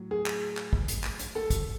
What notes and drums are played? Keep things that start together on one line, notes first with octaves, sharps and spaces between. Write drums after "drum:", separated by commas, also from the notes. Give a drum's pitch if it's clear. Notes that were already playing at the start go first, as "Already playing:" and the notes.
Already playing: A2 F#3
G#4
drum: clap
drum: clap
drum: kick
drum: hi-hat
drum: clap
drum: hi-hat
A4
drum: kick, hi-hat